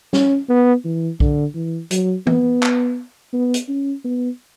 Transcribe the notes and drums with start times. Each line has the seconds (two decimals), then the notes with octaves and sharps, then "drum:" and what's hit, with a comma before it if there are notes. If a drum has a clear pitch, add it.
0.13 C#4, drum: snare
0.49 B3
0.85 E3
1.20 D3, drum: kick B1
1.55 E3
1.91 F#3, drum: hi-hat
2.27 B3, drum: tom
2.63 drum: clap
3.33 B3
3.54 drum: hi-hat
3.68 C#4
4.05 B3